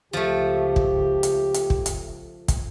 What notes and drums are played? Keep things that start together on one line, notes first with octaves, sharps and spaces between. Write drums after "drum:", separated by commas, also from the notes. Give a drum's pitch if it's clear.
C#2 F3 A3 G4
drum: kick
drum: hi-hat
drum: hi-hat
drum: kick
drum: hi-hat
drum: kick, hi-hat